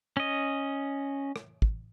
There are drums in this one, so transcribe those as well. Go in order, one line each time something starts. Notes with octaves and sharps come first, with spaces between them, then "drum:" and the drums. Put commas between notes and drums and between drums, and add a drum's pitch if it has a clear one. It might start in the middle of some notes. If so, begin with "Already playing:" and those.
C#4 D#5
drum: rim click
drum: kick